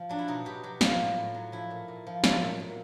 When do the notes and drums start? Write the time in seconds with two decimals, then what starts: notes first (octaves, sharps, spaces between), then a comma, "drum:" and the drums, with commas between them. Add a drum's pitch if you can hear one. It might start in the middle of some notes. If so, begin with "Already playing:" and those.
Already playing: F3
0.09 F#3 D4
0.19 E4
0.28 B2 D#4
0.45 B2 G4
0.63 F#3 G4
0.81 F#3 F4, drum: snare
0.99 A2
1.17 A2
1.35 F#3
1.52 F3 E4
1.71 A#2
1.88 A#2
2.07 F3
2.24 F#3, drum: snare
2.42 A#2
2.60 A#2